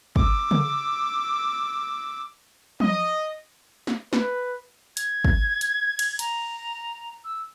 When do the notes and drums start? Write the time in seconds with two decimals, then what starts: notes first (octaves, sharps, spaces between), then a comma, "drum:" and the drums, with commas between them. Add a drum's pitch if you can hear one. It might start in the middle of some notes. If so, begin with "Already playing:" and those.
0.16 D6 E6, drum: kick
0.51 drum: tom C#3
2.80 D#5, drum: tom F3
3.87 drum: snare
4.13 B4, drum: snare
4.97 G#6, drum: hi-hat
5.25 drum: kick
5.61 drum: hi-hat
5.99 drum: cymbal
6.19 A#5, drum: hi-hat
7.24 E6